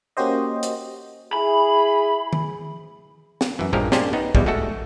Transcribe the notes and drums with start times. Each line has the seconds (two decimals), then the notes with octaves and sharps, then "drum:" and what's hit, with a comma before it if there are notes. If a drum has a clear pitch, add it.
0.17 A#3 C#4 F#4 G4 C5 D#5
0.63 drum: hi-hat
1.33 E4 G#4 B5
2.33 drum: tom D#3
3.41 drum: snare
3.59 F#2 E3
3.73 A#1 G2 F3 G#3 G4 A#4
3.92 A#3 C#4 D4 G4 G#4 C5, drum: snare
4.13 B3 D#4
4.35 E2 B2 G3 G#3, drum: kick
4.46 G#3 A3 F#4 A4